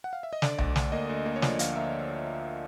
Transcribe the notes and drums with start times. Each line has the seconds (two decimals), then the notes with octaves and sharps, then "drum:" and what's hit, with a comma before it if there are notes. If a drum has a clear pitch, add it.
0.04 F#5
0.13 F5
0.23 E5
0.33 D#5
0.42 D3 D5, drum: snare
0.58 D2, drum: tom B1
0.76 D2, drum: snare
0.92 A#3 D#5
1.09 D2
1.26 A#3
1.36 C#5
1.42 F3 D5, drum: snare
1.59 D2 F5, drum: hi-hat
1.76 A#3 E5